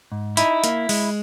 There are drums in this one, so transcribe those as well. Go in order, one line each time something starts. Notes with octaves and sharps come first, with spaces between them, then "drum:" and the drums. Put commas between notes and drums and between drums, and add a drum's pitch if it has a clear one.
G#2
D#4 E4, drum: hi-hat
A#3, drum: hi-hat
G#3, drum: open hi-hat